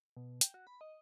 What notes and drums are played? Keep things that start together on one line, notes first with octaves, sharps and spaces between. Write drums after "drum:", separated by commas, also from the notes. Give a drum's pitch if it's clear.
B2
G5, drum: hi-hat
F#4
B5
D#5